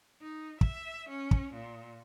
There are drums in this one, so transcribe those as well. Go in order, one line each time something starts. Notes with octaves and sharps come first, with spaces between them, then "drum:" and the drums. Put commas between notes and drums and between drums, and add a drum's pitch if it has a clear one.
D#4
E5, drum: kick
C#4
drum: kick
A#2